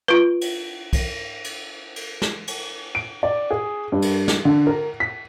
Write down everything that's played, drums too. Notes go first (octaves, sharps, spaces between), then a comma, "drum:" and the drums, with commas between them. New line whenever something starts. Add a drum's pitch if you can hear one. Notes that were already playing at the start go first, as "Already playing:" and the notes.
F4 B4
drum: cymbal
drum: kick, cymbal
drum: cymbal
drum: cymbal
drum: snare
drum: cymbal
D7
D5
G#4
G2
drum: cymbal
drum: snare
D3
A#4
B6